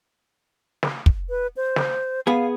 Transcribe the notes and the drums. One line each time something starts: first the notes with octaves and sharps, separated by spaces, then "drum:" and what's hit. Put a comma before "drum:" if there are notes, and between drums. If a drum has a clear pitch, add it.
drum: snare
drum: kick
B4
C5
drum: snare
B3 G#4 F5